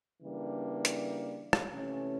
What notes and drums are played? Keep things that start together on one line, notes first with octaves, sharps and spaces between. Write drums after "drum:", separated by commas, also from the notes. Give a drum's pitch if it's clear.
C#3 E3 G3 A#3 D4
drum: hi-hat
drum: rim click
C3 E3 A3 C#4